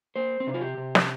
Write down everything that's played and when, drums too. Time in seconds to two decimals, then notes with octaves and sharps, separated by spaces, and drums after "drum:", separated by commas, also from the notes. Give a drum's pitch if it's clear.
0.16 A#3 C5
0.40 C4
0.47 C3 D4
0.54 F4
0.61 G4
0.77 C3
0.95 drum: snare